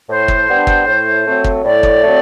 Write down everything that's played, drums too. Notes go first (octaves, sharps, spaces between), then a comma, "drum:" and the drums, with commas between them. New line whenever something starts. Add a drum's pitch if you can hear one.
A2 C5
drum: kick
G3 B3 D4
drum: kick
A2
F#3 A3 C4
drum: kick
A2 D5
drum: kick
F#3 A3 C4